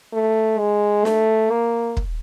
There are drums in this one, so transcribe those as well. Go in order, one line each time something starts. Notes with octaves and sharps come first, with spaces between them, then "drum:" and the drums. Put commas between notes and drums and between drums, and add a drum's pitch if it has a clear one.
A3
G#3
A3, drum: snare
A#3
drum: kick